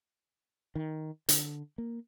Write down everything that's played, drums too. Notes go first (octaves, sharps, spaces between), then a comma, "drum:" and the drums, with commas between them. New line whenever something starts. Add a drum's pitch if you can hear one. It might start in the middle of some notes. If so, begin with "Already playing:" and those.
D#3
D3, drum: hi-hat
A#3